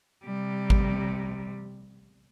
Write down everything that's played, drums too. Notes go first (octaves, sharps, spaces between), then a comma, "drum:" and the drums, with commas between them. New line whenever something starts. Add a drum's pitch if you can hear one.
C3 G3
drum: kick G#1